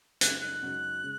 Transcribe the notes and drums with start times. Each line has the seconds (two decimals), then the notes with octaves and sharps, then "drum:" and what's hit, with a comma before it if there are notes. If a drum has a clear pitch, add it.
0.21 F#2 C#3 G#3 D#4 F#4 F#6, drum: hi-hat
0.41 F#6
0.62 F#2 C#3 G#3 D#4 F#4
1.03 C#3 G#3